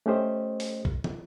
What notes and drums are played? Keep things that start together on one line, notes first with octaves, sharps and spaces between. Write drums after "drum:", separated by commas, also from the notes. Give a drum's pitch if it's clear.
A3 C#4 G4 C5 D#5
drum: open hi-hat
drum: kick B1
drum: tom